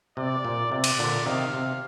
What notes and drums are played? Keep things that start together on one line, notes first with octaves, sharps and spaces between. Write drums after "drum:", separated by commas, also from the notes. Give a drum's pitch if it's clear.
C3 D5
A#2
C3 D5
drum: cymbal
A#2 D3
C3 D#3 F5
C3